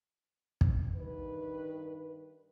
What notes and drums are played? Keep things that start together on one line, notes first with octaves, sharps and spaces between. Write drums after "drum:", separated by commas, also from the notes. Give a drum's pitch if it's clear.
drum: kick
G2 D#3 B4